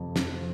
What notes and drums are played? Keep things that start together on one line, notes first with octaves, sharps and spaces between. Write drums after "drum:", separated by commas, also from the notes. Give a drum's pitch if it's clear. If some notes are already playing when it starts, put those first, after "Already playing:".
Already playing: F2 C3 F3
drum: snare